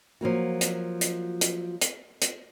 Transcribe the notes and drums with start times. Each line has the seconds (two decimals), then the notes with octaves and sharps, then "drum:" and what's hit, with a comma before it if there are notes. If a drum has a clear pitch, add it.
0.21 F3 F#3 A#3 F#4
0.61 drum: hi-hat
1.01 drum: hi-hat
1.41 drum: hi-hat
1.82 drum: hi-hat
2.22 drum: hi-hat